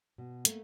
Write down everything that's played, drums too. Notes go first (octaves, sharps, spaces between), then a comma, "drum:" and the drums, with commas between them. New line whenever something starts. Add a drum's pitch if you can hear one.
B2
A3 A#3, drum: hi-hat